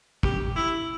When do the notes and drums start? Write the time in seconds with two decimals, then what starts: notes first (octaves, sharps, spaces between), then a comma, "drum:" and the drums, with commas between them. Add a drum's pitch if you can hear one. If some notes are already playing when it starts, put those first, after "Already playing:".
0.23 G4, drum: kick
0.56 E4